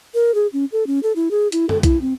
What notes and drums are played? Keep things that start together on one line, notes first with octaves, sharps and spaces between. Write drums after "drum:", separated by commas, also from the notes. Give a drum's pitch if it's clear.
A#4
G#4
C#4
A4
C#4
A4
E4
G#4
E4, drum: hi-hat
A4, drum: tom
E4, drum: kick B1, hi-hat
C4